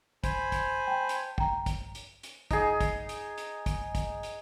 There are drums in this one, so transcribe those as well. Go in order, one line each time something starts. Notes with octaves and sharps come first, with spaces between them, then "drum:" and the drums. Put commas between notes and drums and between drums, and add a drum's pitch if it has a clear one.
C5 G#5 B5, drum: kick, hi-hat
drum: kick, hi-hat
G5 A5
drum: hi-hat
G5 A#5, drum: kick
drum: kick, hi-hat
drum: hi-hat
drum: hi-hat
D#4 G#4, drum: kick, hi-hat
drum: kick, hi-hat
drum: hi-hat
drum: hi-hat
drum: kick, hi-hat
drum: kick, hi-hat
drum: hi-hat